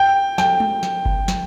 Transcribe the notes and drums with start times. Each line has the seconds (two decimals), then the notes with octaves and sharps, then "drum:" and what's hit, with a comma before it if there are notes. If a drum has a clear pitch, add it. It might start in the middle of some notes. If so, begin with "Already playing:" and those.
Already playing: G5
0.38 G5, drum: snare
0.60 drum: tom G#3
0.83 drum: snare
1.05 drum: kick G1
1.28 drum: snare